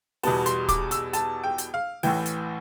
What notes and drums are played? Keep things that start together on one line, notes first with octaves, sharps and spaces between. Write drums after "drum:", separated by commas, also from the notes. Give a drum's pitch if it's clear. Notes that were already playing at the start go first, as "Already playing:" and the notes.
E2 B2 G3 B3 A5, drum: open hi-hat
C6, drum: hi-hat
D6, drum: kick, hi-hat
E6, drum: hi-hat
A5, drum: hi-hat
G5
drum: hi-hat
F5
A1 A2 E3 G5, drum: open hi-hat
drum: hi-hat